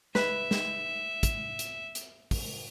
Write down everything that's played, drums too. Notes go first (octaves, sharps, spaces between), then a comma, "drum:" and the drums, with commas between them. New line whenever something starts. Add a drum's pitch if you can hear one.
B4 E5, drum: snare
drum: snare
drum: kick, hi-hat
drum: hi-hat
drum: hi-hat
drum: kick, open hi-hat